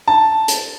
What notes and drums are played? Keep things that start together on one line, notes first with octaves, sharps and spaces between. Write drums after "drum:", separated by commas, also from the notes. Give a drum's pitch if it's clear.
A5
drum: hi-hat